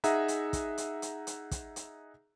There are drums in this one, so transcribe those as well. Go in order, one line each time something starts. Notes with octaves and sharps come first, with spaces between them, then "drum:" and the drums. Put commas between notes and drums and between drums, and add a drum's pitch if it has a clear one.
D#4 G#4 E5 F#5 A#5, drum: hi-hat
drum: hi-hat
drum: kick, hi-hat
drum: hi-hat
drum: hi-hat
drum: hi-hat
drum: kick, hi-hat
drum: hi-hat